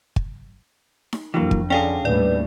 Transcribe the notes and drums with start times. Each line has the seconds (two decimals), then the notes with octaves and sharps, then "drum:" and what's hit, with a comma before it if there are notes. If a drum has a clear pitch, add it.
0.16 drum: kick
1.13 drum: snare D#4
1.34 F2 E3 F#3 A#3 D4
1.51 drum: kick
1.70 D3 C#4 D4 G#4 F5 G5
2.05 D#2 A2 G3 B4 D5